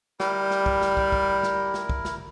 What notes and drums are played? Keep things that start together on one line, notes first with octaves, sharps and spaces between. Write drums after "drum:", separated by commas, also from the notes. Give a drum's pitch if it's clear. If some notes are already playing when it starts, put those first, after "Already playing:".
G3 E4 A#4, drum: snare
drum: snare
drum: kick
drum: snare
drum: kick
drum: kick
drum: snare
drum: snare
drum: kick
drum: snare